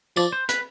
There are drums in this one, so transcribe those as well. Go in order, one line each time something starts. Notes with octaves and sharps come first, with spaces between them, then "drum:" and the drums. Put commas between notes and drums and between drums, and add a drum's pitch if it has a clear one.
F3 D5, drum: tambourine
C5
B4, drum: hi-hat